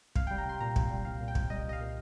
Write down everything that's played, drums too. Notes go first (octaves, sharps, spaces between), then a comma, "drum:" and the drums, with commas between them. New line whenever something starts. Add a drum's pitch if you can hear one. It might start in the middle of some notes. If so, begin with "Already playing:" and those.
C2 F5, drum: kick
G3 G5
A#5
C2 C6
A#2 A#5
C2, drum: kick
G3
C2 F5
A#2
G5
C2, drum: kick
G3 D#5
C2 D#5
F5
A#2